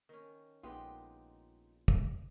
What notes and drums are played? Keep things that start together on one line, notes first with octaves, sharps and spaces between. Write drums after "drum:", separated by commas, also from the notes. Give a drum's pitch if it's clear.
D#3 C#4
A#1 G#3 B3 D#4 F4 G4 G5
drum: kick